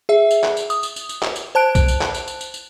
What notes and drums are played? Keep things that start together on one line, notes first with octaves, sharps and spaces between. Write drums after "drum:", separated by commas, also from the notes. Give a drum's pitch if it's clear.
G#4 E5
drum: tambourine
drum: clap
drum: tambourine
D#6, drum: tambourine
drum: tambourine
drum: tambourine
drum: tambourine
drum: clap
drum: tambourine
C5 A5 F#6 D7
drum: kick B1, tambourine
drum: tambourine
drum: clap
drum: tambourine
drum: tambourine
drum: tambourine
drum: tambourine